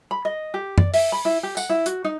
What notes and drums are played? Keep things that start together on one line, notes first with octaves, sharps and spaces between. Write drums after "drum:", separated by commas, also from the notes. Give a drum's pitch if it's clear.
B5
D#5
G4
D5, drum: tom F#2
E5, drum: open hi-hat
B5
E4
G4
F#5, drum: tambourine
E4
F#4, drum: hi-hat
D#4